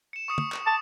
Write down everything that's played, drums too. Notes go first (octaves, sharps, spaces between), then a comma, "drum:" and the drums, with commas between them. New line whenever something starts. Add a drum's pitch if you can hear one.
C#7 E7
C#6 D#6 C#7
drum: tom
drum: clap
A5 D6